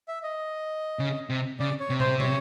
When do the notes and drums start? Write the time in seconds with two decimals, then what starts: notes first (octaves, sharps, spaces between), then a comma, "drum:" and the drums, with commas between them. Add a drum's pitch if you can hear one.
0.08 E5
0.23 D#5
0.99 C#3
1.30 C3
1.60 C#3 D5
1.80 C#5
1.90 C3
2.00 C5, drum: tom
2.20 C#5, drum: tom